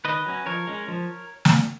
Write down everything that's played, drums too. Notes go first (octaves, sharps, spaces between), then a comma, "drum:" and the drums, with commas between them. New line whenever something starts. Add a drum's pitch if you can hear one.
D#3 B4 D#5
F#3 C#4
F3 A#4 C#5
G#3 C#4
F3
drum: snare